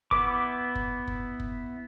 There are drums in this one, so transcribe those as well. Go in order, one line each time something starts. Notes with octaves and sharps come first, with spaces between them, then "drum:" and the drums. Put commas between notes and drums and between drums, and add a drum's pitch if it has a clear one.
B3 E4 B4 D6, drum: kick
drum: kick
drum: kick
drum: kick